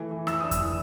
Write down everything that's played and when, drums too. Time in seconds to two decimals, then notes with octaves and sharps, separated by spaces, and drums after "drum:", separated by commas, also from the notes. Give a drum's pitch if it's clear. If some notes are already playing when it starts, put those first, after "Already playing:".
Already playing: E3 A3
0.11 E3
0.27 E3 E6, drum: rim click
0.40 D4 D#6
0.51 E6, drum: kick F2, hi-hat
0.61 E3